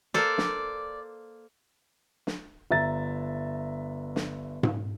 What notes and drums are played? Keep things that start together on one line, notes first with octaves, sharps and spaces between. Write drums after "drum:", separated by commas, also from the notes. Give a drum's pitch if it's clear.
A#3 A4 C5 D5
drum: snare
drum: snare
G1 E5 A#5 A6
drum: snare
drum: tom G#2